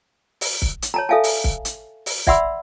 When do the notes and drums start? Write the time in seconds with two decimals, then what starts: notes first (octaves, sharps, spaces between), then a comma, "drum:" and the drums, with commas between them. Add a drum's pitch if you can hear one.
0.41 drum: open hi-hat
0.62 drum: kick
0.82 drum: hi-hat
0.94 C#5 A5 A#5
1.09 A4 E5 F5 G#5 A5
1.24 drum: open hi-hat
1.44 drum: kick
1.65 drum: hi-hat
2.06 drum: open hi-hat
2.27 D5 E5 F#5 B5 C6 E6, drum: kick